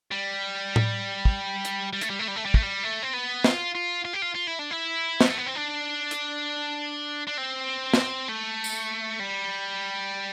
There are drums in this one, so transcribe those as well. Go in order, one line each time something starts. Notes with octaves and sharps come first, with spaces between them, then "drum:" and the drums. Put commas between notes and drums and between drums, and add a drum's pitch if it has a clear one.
G3
drum: tom A2
drum: kick
drum: hi-hat
G3
A3, drum: hi-hat
G3
A3
G3
A3
G3
A3, drum: kick
G3
A3
C4
B3
F4, drum: snare
F4
F4
G4
F4
F4
E4
D4
E4
G3, drum: snare
A3
B3
C4
D4
drum: hi-hat
D4
C4
drum: snare
A3
drum: tambourine
G3